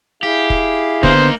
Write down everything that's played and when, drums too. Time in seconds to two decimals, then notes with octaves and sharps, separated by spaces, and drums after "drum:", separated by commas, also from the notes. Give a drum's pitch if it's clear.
0.23 E4 G4 G#4 F5
0.50 drum: kick
1.03 D3 A#3 B3 D#4 C5, drum: kick